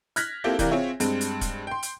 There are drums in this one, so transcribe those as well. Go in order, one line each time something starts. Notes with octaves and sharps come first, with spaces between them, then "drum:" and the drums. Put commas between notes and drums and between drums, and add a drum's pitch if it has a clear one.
F6 F#6 G#6 A#6 B6, drum: hi-hat
A#3 C4 E4 F4 G4 A4
C3 E3 G4 A#4 D5 F5, drum: kick, hi-hat
C4 F4 G#4 C#5 E5 G#5
G2 G#3 C4, drum: hi-hat
drum: hi-hat
drum: kick, hi-hat
G5 C6
drum: hi-hat